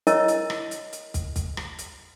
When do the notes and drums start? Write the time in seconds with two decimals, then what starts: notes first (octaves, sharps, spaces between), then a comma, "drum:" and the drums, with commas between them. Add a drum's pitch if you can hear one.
0.07 E4 A#4 C#5 D#5, drum: hi-hat
0.28 drum: hi-hat
0.50 drum: rim click
0.71 drum: hi-hat
0.93 drum: hi-hat
1.14 drum: kick, hi-hat
1.36 drum: kick, hi-hat
1.57 drum: rim click
1.79 drum: hi-hat